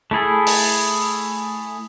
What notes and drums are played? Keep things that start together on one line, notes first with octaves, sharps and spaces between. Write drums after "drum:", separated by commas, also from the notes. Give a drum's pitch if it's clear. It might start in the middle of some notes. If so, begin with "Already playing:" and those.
A3 E4 G#4 A4
drum: open hi-hat